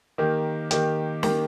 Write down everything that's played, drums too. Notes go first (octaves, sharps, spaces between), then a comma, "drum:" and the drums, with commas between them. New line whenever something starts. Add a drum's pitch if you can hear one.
D#3 A#3 G4
D#3 A#3 G4, drum: hi-hat
D#3 A#3 G4, drum: snare